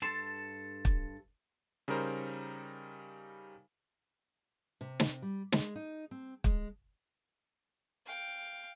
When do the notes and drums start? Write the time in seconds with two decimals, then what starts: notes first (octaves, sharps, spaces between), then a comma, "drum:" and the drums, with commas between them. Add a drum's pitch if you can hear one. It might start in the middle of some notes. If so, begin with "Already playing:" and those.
0.02 G2 A4 A5 C6
0.85 drum: kick
1.88 C#3 G3 D#4 A#4 C5
4.81 C3
5.00 drum: snare
5.22 G3
5.52 G#3, drum: snare
5.76 D#4
6.11 C4
6.44 G#3, drum: kick
8.06 F5 G5